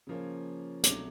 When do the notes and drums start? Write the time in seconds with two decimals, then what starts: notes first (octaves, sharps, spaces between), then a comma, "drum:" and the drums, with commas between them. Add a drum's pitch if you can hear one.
0.07 C#3 F3 A#3 C#4
0.83 C2 B2 F#3 A3 D6, drum: hi-hat